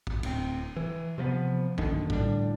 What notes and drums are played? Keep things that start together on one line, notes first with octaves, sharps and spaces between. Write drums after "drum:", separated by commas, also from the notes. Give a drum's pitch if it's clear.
drum: kick
D1 C4, drum: cymbal
E3
C3 F3 A#3 B3
F#2 A#2 D3 D#3, drum: kick
A2 D3 G3 D4, drum: kick